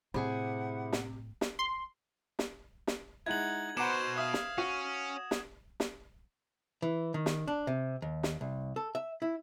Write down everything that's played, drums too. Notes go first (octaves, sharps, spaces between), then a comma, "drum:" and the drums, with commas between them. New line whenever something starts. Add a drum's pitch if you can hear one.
A2 C3 E4 G#4 C5 F#5 B5
drum: snare
drum: snare
C6
drum: snare
drum: snare
G#3 D#4 E4 F#5 G#6 F#7
B2 B4 C5 F#5 A#5 D6 E7
E5 F5 D#6
drum: snare
C#4 F#4
drum: snare
drum: snare
E3
D#3
drum: snare
D4
C3
D#2
drum: snare
C2
A4
E5
E4